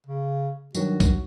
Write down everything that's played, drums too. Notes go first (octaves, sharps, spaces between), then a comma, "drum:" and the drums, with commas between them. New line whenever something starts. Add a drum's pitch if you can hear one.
C#3
G2 D#3 F#3 F#4, drum: tambourine
drum: kick B1, tambourine